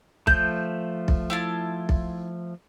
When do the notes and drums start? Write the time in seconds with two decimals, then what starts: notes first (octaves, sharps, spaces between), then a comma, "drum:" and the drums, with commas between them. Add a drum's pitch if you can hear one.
0.27 F3 A3 G6, drum: kick B1
1.08 drum: kick B1
1.30 E4 F4 A5
1.89 drum: kick B1